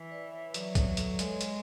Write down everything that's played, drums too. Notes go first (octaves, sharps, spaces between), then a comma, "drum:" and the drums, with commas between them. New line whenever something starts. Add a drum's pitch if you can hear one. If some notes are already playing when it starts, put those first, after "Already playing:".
Already playing: E3
B4 D5
C#5 E5
F#3 B4 D5, drum: hi-hat
B4 D5, drum: kick, hi-hat
A4 C#5, drum: hi-hat
G#3 A4 C#5, drum: hi-hat
drum: hi-hat